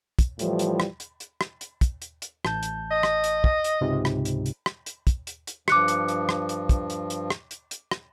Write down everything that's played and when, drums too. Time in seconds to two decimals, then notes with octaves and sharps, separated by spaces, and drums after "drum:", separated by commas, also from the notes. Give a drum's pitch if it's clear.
0.19 drum: kick, hi-hat
0.39 A2 E3 F3 G3, drum: hi-hat
0.59 drum: hi-hat
0.80 drum: rim click
1.00 drum: hi-hat
1.20 drum: hi-hat
1.41 drum: rim click
1.61 drum: hi-hat
1.81 drum: kick, hi-hat
2.02 drum: hi-hat
2.22 drum: hi-hat
2.45 A1 A5 G6, drum: rim click
2.63 drum: hi-hat
2.91 D#5
3.03 drum: rim click
3.24 drum: hi-hat
3.44 drum: kick
3.64 drum: hi-hat
3.81 C#2 G#2 C3
4.05 drum: rim click
4.25 drum: hi-hat
4.46 drum: hi-hat
4.66 drum: rim click
4.86 drum: hi-hat
5.07 drum: kick, hi-hat
5.27 drum: hi-hat
5.47 drum: hi-hat
5.68 G2 F3 D6 F#6 C#7, drum: rim click
5.88 drum: hi-hat
6.08 drum: hi-hat
6.29 drum: rim click
6.49 drum: hi-hat
6.69 drum: kick, hi-hat
6.90 drum: hi-hat
7.10 drum: hi-hat
7.30 drum: rim click
7.51 drum: hi-hat
7.71 drum: hi-hat
7.91 drum: rim click